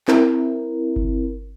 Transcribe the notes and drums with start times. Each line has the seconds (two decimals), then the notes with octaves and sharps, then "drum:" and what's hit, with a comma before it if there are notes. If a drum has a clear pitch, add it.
0.08 C4 E4 A#4, drum: clap
0.96 drum: kick G1